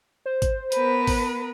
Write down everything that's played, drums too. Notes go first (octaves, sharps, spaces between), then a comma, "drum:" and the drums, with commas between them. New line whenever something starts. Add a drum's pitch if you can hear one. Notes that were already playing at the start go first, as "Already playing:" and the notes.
C5
drum: kick G#1, hi-hat
B3 A#4 B4, drum: hi-hat
drum: kick G#1, open hi-hat